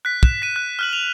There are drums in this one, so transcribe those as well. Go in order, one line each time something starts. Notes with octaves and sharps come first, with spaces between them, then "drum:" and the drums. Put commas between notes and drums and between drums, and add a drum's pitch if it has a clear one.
F#6 B6
F#6 E7, drum: kick
B6 D#7
F#6
F6 F#6 F#7
F7